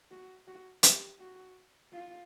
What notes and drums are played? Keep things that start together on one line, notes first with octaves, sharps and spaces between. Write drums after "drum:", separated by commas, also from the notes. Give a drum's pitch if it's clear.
F#4
F#4
G4, drum: hi-hat
F#4
F4